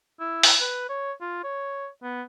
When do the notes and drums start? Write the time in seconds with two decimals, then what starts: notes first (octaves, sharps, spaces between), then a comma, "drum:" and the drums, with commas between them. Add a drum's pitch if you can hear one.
0.20 E4
0.43 drum: open hi-hat
0.61 B4
0.89 C#5
1.21 F4
1.44 C#5
2.03 B3